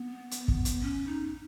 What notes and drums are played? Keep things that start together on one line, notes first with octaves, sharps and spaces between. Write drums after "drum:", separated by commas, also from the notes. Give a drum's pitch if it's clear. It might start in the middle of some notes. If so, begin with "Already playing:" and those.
Already playing: B3
drum: hi-hat
drum: kick
drum: hi-hat
C#4
D#4